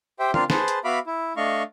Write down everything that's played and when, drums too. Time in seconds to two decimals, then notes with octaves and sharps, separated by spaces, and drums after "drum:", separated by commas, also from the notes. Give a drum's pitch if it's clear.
0.20 G4 C5 E5 G5
0.34 C4 D4 F4 A#4 F5, drum: tom D3
0.50 G#4 B4 C5 A5, drum: snare
0.68 drum: hi-hat
0.84 B3 F#4 E5 F5 B5 D6
1.07 E4
1.37 A3 D4 D#5 F5 C#6